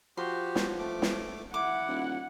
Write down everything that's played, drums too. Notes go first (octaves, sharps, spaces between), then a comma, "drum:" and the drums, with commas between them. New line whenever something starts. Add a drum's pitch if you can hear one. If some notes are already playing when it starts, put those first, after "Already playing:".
F3 F#4 G4 C6
drum: snare
A3 D6
drum: snare
E4 F#5 D6
D#1